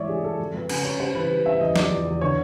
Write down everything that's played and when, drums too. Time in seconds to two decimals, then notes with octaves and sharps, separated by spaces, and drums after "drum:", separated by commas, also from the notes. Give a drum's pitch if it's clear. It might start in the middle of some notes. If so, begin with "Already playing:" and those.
Already playing: G#2 E3 C#5 D5 E5
0.09 G3 G#4
0.24 G#2 A4
0.39 F2
0.54 F2 B4
0.69 C#3, drum: cymbal
0.85 C#3 C#5
1.00 G3 C5
1.15 E3 B4
1.30 G3
1.45 G3 E5
1.61 E2 D#5
1.76 F3 D5, drum: snare
1.91 E2
2.06 E2
2.21 D3 C#5